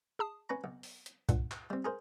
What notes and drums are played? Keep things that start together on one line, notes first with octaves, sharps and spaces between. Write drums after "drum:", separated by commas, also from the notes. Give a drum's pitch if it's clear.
G#4 A5 D#6
C#4 B4 A#5
B1
drum: open hi-hat
drum: hi-hat
C#2 G2 A#2 F#5, drum: kick B1, hi-hat
drum: clap
G3 C4
G#4 A#4 C5